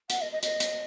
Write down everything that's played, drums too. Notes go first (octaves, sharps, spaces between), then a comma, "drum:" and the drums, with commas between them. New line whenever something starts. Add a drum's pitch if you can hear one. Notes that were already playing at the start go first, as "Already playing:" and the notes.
F#5, drum: hi-hat
D#5
D#5
D#5, drum: hi-hat
drum: hi-hat